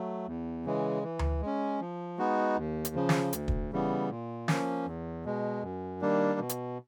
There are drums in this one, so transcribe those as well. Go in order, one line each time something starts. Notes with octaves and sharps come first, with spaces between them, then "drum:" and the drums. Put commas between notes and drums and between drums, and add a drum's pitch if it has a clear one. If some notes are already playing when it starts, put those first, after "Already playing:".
Already playing: F#3 A3
E2
C#3 E3 G#3
E3
drum: tom D2
G#3 C#4
F3
G#3 B3 D#4 F#4
D#2
drum: hi-hat
C#3 F3
drum: snare
D2, drum: hi-hat
drum: kick
C#3 E3 G3 B3
A#2
F3 A#3 C#4, drum: snare
E2
B2 G#3
F#2
D#3 G3 A#3 D4
B2
drum: hi-hat